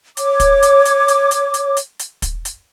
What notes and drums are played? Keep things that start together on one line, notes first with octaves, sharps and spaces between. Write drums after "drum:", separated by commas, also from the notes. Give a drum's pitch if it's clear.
C#5 D6, drum: hi-hat
drum: kick, hi-hat
drum: hi-hat
drum: hi-hat
drum: hi-hat
drum: hi-hat
drum: hi-hat
drum: hi-hat
drum: hi-hat
drum: kick, hi-hat
drum: hi-hat